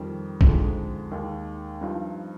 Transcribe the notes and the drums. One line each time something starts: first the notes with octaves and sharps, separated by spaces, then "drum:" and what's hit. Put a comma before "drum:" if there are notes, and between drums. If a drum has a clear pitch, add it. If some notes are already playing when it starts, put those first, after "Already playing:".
Already playing: F2 D#3 G3
F2 D3 F3 G#3 D#4, drum: kick
D#2 D#3 G#3 D#4
G2 F3 C4 D#4